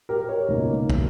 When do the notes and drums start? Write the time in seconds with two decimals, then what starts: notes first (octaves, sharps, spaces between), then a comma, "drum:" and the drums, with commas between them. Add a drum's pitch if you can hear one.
0.09 G4 A#4
0.28 A#4 C#5
0.49 C#2 B2 A#3 D#4
0.90 drum: kick